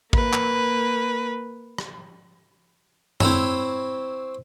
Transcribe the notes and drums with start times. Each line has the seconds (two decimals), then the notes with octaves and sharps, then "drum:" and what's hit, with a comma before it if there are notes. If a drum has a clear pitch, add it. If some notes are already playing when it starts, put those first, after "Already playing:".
0.13 A#3 B4, drum: kick
0.33 drum: clap
1.78 drum: rim click
3.20 C4 E4 C#5, drum: tom F#2